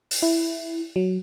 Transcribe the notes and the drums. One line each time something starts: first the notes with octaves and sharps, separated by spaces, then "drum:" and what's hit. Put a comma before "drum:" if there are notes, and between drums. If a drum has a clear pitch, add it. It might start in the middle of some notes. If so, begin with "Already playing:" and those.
drum: open hi-hat
E4
F#3